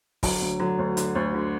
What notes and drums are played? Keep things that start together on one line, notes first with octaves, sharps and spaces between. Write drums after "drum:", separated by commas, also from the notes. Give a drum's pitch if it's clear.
D3 F#3, drum: kick, open hi-hat
D2
D3 F#3
D2
D3, drum: hi-hat
D2
D3